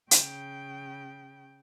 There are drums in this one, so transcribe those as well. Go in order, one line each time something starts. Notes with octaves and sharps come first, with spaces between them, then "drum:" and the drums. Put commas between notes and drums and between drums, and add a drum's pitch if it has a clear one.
C#3 G5, drum: hi-hat